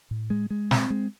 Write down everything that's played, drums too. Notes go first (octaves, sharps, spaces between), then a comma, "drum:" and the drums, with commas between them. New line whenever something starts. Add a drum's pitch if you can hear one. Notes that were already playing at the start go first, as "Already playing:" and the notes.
A2
G#3
G#3
C4, drum: snare
G#3